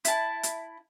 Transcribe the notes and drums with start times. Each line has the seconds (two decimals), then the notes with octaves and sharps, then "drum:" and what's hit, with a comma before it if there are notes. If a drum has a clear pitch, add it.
0.05 E4 A5, drum: hi-hat
0.43 drum: hi-hat